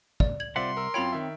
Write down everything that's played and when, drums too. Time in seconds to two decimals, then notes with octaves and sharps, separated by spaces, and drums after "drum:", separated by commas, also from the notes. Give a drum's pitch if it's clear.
0.20 D5, drum: kick
0.40 G#6 F#7
0.56 C2 C4 F4 D5 E5 F#5 C6
0.77 A#4 E6
0.94 F#2 C4 F4 C#5 G5 B5 D7 F7
1.13 D#3 E5